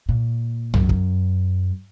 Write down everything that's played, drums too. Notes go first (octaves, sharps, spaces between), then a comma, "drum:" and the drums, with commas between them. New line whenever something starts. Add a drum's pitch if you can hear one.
A#2
F#2, drum: tom
drum: kick